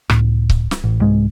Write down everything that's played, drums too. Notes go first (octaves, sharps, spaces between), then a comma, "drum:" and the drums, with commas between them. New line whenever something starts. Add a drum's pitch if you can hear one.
C#2 A2, drum: rim click
drum: kick C#1
drum: snare
A1
C2 G#2 G#3